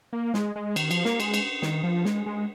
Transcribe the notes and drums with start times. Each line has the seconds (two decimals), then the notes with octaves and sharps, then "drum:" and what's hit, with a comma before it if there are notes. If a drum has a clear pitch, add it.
0.13 A#3
0.34 G#3, drum: snare
0.56 G#3
0.76 D#3, drum: cymbal
0.91 F3, drum: cymbal
1.05 A#3, drum: snare
1.20 G#3, drum: cymbal
1.34 drum: cymbal
1.62 D#3, drum: snare
1.83 F3
2.05 G#3, drum: snare
2.26 G#3